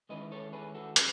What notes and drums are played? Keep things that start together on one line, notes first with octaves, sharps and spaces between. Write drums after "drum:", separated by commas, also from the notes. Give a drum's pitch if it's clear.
D#3 G#3 C#4 E4 B4 D#5
A4 C#5
G#4 B4
F#4 A4
C#3 F#3 B4, drum: hi-hat